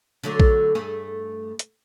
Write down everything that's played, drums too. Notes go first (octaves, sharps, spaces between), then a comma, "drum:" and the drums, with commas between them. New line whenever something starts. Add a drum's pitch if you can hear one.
D3 F#3 A3
drum: kick A#1
G2 A3 G#4
drum: hi-hat